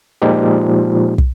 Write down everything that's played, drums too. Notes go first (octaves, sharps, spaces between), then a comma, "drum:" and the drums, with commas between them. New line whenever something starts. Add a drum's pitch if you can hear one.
A#2 F3 G#3 D#4 G4
drum: kick